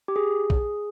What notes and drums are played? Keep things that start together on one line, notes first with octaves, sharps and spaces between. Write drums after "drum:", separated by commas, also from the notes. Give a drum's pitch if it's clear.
G4
G#4
drum: kick